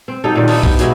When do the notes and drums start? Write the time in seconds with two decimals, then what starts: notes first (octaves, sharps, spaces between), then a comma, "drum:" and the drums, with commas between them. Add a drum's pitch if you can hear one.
0.08 C4
0.24 F#3 D#4 G4 A4
0.35 A#2 D#3
0.47 E3 B3 D#4 A4, drum: open hi-hat
0.63 G4, drum: kick B1
0.79 B2 F#3 G#3 E4, drum: hi-hat